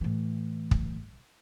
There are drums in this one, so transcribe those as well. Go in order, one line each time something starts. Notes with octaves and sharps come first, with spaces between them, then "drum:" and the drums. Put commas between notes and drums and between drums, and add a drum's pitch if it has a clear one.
A2 E3
drum: kick